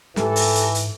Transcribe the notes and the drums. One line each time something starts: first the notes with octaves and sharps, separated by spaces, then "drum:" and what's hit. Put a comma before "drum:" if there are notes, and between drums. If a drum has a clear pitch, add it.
G#2 E3 G#3 G4 A4, drum: snare
drum: open hi-hat
drum: hi-hat
drum: hi-hat